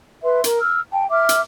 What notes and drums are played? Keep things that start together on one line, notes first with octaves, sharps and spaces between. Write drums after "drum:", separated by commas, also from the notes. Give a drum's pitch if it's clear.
B4 E5 C6
A#4, drum: hi-hat
E6 F6
G5 A5
E5 D6 F6
drum: hi-hat